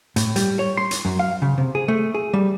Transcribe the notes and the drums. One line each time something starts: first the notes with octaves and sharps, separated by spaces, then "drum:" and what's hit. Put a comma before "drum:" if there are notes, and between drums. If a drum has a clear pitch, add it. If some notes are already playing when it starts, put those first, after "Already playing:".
A2, drum: hi-hat
G3, drum: hi-hat
C#5
C6
drum: hi-hat
F#2
F5
C#3
C3
G#4
A3
G#4
G3